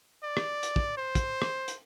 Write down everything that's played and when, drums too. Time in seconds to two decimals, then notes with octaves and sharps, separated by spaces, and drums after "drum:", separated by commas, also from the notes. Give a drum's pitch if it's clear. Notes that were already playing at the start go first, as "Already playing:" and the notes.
0.24 D5
0.37 drum: rim click
0.63 drum: hi-hat
0.76 drum: kick
0.97 C5
1.15 drum: kick, hi-hat
1.42 drum: rim click
1.68 drum: hi-hat